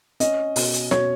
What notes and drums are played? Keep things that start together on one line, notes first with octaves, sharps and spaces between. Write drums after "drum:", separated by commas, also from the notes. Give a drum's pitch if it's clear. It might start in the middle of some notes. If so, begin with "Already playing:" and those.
C#4 D#5, drum: hi-hat
B2, drum: open hi-hat
drum: hi-hat
B2 C#5, drum: snare